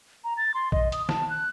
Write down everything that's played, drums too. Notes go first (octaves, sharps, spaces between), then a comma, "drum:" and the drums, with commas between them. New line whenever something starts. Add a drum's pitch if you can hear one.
A#5
A6
C6
D#5, drum: kick
D#6, drum: hi-hat
A5, drum: snare
F#6